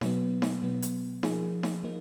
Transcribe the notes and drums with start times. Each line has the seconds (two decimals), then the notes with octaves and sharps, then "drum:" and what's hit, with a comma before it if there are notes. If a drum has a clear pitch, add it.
0.01 B2 F#3 B3, drum: snare D#4
0.42 drum: snare D#4
0.63 B2 F#3 B3
0.82 drum: hi-hat
1.23 F3 A#3 D#4 G#4, drum: snare D#4
1.63 drum: snare D#4
1.83 F3 A#3 D#4